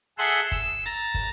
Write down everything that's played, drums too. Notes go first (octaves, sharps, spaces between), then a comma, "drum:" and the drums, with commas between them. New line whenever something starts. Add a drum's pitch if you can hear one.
G#4 A4 E5 F#5 C6
E6, drum: kick, hi-hat
A#5 A6, drum: hi-hat
drum: kick, open hi-hat